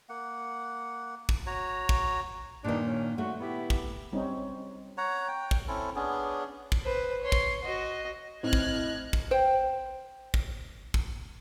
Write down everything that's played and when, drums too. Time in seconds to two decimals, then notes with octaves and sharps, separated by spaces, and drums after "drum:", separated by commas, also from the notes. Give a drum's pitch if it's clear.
0.09 A#3 F#5
1.29 drum: kick
1.47 F#4 C#5 A#5
1.89 drum: kick
2.64 G2 A#2 D#3 D4 D#4
2.87 C#4 D4
3.18 A3 F#4
3.40 B3 E4 G4
3.70 drum: kick
4.13 G3 C4 C#4 D#4
4.98 C#5 F#5 A#5
5.28 G5
5.51 drum: kick
5.68 C4 C#4 E4 A4
5.96 B3 C#4 D4 G#4
6.72 drum: kick
6.84 B4 C5
7.22 C#5 C6
7.32 drum: kick
7.63 F#4 D#5
8.43 A2 C4 D#5 F6 F#6 G#6
8.53 drum: kick
9.13 drum: kick
9.31 C5 G5
10.34 drum: kick
10.94 drum: kick